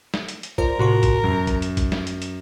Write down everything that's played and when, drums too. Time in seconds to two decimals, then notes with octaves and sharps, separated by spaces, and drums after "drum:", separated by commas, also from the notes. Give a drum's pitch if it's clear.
0.14 drum: snare
0.29 drum: hi-hat
0.43 drum: hi-hat
0.58 F4 A#4 C5 D5, drum: kick
0.79 A2 C3 F4 F#4 C6
1.03 drum: kick, hi-hat
1.24 F#2 B2
1.47 drum: kick, hi-hat
1.62 drum: hi-hat
1.77 drum: kick, hi-hat
1.92 drum: snare
2.07 drum: hi-hat
2.22 drum: hi-hat